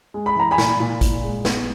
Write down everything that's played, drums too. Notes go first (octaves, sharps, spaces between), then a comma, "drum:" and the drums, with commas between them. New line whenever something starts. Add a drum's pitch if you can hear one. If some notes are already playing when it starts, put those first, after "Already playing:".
G#3
B5
E3 A#5
G#5 B5
A#2, drum: snare
A#2
A#2, drum: kick, hi-hat
G#3
B3, drum: snare